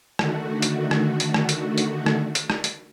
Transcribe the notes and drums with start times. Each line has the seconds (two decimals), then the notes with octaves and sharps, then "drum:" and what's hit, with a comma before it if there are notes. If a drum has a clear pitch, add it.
0.19 D3 D#3 A3 F#4, drum: rim click
0.62 drum: hi-hat
0.91 drum: rim click
1.20 drum: hi-hat
1.34 drum: rim click
1.49 drum: hi-hat
1.78 drum: hi-hat
2.06 drum: rim click
2.35 drum: hi-hat
2.50 drum: rim click
2.64 drum: hi-hat